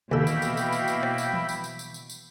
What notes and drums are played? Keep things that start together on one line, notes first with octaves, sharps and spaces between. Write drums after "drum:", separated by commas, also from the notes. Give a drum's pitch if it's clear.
D#2 B2 E3 A#3 A4 E5 G5 B5, drum: tom B2
drum: tambourine
drum: tambourine
drum: tambourine
drum: tambourine
drum: tambourine
drum: rim click
drum: tambourine
drum: tom
drum: tambourine
drum: tambourine
drum: tambourine
drum: tambourine
drum: tambourine